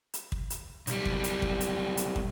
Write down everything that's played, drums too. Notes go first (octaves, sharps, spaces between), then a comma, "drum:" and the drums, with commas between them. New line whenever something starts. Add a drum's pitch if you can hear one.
drum: hi-hat
drum: kick
drum: hi-hat
B1 G3, drum: hi-hat
drum: kick
drum: hi-hat
drum: kick
drum: hi-hat
drum: hi-hat
drum: kick